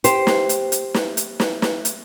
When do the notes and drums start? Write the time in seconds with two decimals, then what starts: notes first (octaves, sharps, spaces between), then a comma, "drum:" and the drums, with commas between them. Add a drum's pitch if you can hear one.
0.04 G4 C5, drum: hi-hat
0.27 drum: snare
0.49 drum: hi-hat
0.72 drum: hi-hat
0.94 drum: snare
1.17 drum: hi-hat
1.40 drum: snare
1.62 drum: snare
1.85 drum: hi-hat